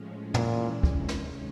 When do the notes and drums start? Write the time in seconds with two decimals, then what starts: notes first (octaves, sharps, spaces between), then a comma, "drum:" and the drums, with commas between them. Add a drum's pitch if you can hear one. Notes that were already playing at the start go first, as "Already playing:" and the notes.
Already playing: A2 F3 G#3 C#4
0.34 A#2 E3 G#3 C#4 E4, drum: tom
0.83 C3 D#3 G#3 C#4, drum: kick
1.08 drum: snare